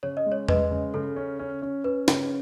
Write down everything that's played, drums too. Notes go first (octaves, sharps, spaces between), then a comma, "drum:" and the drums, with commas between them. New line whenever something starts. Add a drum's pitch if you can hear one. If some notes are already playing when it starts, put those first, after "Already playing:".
C#3 C#5
D#5
G#3
C#5
G#3 B4 D#5, drum: tom E2
C#3
C#3 A4
C#4
C#4
C#4
C#4 B4
C#3, drum: snare